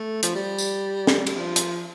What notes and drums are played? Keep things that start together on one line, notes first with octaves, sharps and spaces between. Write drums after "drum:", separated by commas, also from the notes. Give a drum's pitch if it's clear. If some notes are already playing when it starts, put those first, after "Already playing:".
Already playing: A3
F3, drum: hi-hat
G3
drum: tambourine
drum: snare
G3, drum: cymbal
F3
drum: hi-hat